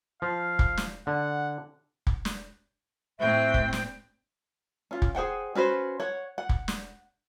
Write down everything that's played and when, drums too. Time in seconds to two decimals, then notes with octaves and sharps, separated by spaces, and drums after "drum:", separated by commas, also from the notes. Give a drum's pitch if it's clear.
0.22 F3 F5
0.59 drum: kick
0.77 drum: snare
1.07 D3 F#5
2.07 drum: kick
2.25 drum: snare
3.19 A2 C4 E5 G5 C#6 F#6
3.54 drum: kick
3.73 drum: snare
4.91 C#4 F4
5.02 drum: kick
5.15 G#4 C5 F#5 G5
5.55 C#4 F#4 B4 C5
6.00 C#5 F#5
6.38 F#5
6.49 drum: kick
6.68 drum: snare